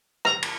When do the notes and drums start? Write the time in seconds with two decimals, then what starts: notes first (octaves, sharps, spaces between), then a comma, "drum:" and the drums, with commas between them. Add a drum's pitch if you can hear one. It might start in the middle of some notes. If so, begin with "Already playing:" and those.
0.25 A#5, drum: rim click
0.43 drum: cymbal